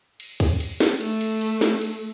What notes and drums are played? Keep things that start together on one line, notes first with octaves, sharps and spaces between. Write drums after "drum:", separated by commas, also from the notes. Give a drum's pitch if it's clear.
drum: cymbal
drum: kick, cymbal
drum: cymbal
drum: snare
A3, drum: cymbal
drum: cymbal
drum: cymbal
drum: snare
drum: cymbal